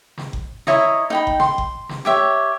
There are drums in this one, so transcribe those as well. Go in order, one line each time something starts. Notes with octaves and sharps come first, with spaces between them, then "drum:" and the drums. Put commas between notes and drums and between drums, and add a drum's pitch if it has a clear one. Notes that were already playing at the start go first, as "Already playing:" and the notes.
drum: snare
drum: kick F#1
E4 C#5 D#5 A#5, drum: snare
D#4 G5 B5
drum: kick F#1
C6, drum: snare
drum: kick F#1
drum: snare
G4 C#5 E5